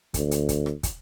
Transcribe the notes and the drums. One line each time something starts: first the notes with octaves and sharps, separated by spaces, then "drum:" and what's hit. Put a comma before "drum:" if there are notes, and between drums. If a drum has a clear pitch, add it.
D2, drum: kick, hi-hat
drum: hi-hat
drum: kick, hi-hat
drum: rim click
drum: kick, hi-hat